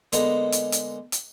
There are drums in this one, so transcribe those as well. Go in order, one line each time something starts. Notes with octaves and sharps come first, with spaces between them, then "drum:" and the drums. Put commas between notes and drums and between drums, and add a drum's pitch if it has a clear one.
D3 G#3 A#3 B3 D#4, drum: hi-hat
drum: hi-hat
drum: hi-hat
drum: hi-hat